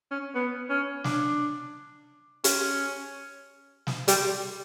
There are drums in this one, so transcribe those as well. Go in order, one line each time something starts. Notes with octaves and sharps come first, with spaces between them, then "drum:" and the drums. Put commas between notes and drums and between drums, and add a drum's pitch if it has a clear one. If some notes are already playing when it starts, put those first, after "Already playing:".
C#4
B3
C#4
D4, drum: snare
C#4, drum: hi-hat
drum: snare
G3, drum: hi-hat